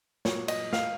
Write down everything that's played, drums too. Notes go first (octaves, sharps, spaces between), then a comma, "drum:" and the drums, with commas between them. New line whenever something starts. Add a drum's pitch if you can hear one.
A#2 F#3 C#5, drum: snare
D#5, drum: cymbal
F5, drum: snare